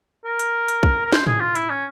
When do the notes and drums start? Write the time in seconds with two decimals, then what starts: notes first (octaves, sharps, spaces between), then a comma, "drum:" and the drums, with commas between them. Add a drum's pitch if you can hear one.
0.25 A#4
0.39 drum: hi-hat
0.68 drum: hi-hat
0.83 drum: kick
1.06 A#4
1.12 C5, drum: snare
1.27 G#4, drum: tom A2
1.40 F4
1.55 E4, drum: hi-hat
1.70 C#4